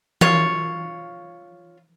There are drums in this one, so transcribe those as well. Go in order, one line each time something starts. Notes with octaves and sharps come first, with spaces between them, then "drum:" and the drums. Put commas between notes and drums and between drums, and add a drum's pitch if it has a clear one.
F4 C#5, drum: tom E3